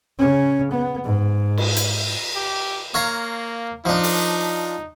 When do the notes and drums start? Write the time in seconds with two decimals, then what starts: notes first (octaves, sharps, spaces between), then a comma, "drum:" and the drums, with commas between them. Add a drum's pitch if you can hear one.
0.19 C#3 C#4
0.71 B3
1.05 G#2
1.58 drum: cymbal
1.76 drum: hi-hat
2.35 G4
2.94 A#3 C#5 F5 A#5
3.85 F3 D4 D#4
4.03 drum: open hi-hat